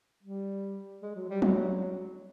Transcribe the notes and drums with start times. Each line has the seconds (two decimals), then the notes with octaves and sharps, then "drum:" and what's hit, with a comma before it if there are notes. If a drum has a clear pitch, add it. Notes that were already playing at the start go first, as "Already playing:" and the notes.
0.23 G3
1.03 G#3
1.15 F#3
1.29 G3
1.42 F#3, drum: tom F#3